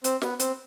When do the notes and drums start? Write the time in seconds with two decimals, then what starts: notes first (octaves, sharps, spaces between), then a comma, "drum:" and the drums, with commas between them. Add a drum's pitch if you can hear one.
0.04 C4, drum: hi-hat
0.22 B3, drum: snare
0.39 C4, drum: hi-hat